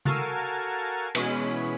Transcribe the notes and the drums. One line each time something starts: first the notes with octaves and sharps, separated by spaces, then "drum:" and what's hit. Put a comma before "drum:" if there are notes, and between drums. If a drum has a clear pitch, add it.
F#4 A4 A#4 F5 G#5 A5, drum: tom C#3
B2 E3 G#3 C#4 B5, drum: cymbal